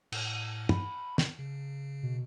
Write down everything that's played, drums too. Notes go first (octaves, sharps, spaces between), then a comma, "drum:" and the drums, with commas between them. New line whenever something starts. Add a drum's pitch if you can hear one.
A2, drum: cymbal
B5, drum: tom
drum: snare
C#3
B2